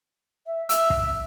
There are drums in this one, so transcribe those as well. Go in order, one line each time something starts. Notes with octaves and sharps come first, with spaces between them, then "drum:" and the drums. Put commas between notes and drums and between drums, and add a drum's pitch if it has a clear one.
E5
E5 E6 F6, drum: hi-hat
drum: kick